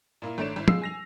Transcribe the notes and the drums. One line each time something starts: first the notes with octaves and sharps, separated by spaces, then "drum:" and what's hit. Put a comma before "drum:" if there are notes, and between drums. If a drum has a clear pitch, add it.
A#2 A#3 E4
G#1 A3 D4 C#5 D7 E7
G#1 E4
B2 G#3 F4 E6 C7, drum: tom
G#5 A#6 F7